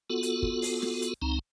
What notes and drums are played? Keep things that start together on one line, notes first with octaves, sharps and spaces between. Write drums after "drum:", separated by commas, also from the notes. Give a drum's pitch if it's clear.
B3 F4 F#4 A4
drum: hi-hat
drum: kick
drum: open hi-hat
drum: snare
drum: hi-hat
C#2 C4 D#4 A#5